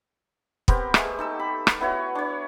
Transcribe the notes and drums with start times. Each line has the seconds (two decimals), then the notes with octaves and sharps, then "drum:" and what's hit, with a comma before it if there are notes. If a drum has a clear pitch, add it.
0.68 B3 C4 G4 A#4, drum: kick
0.94 G#3 A3 G4, drum: rim click
1.19 D#4 A4 E6
1.39 B5
1.67 drum: rim click
1.81 B3 E4 F#4 C#5
2.15 D4 C#5